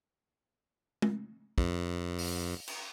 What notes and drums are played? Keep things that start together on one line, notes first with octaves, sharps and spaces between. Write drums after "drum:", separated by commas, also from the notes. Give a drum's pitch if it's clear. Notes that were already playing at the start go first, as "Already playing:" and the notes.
drum: tom G#3
F2, drum: kick
drum: open hi-hat
drum: cymbal